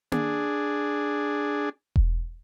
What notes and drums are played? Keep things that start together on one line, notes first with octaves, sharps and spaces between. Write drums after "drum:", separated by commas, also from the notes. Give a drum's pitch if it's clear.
D4 G#4, drum: tom A#3
drum: kick E1